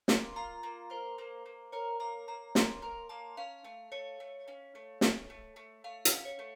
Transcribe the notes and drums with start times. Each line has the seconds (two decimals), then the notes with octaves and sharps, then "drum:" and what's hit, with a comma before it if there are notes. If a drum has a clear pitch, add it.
0.08 A#3 C6, drum: snare
0.36 F4 A#5
0.63 A#3
0.90 A#4 C5
1.18 A#3
1.46 A#3
1.72 A#4 C#5
2.00 A#3 A#5
2.28 A#3 A#5
2.55 A#3 C6, drum: snare
2.82 A#4
3.09 A#3 A5
3.37 C#4 F5
3.64 A3
3.92 A3 C#5
4.20 A3
4.48 C#4
4.75 A3
5.01 A3, drum: snare
5.30 A3
5.56 A3
5.84 A3 F5
6.05 F#5, drum: hi-hat
6.12 C#4
6.25 C#5
6.39 A3